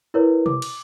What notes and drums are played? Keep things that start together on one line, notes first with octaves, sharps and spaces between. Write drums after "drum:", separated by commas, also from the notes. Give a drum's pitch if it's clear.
E4 A#4 B4 C#5
D6, drum: tom B2
drum: cymbal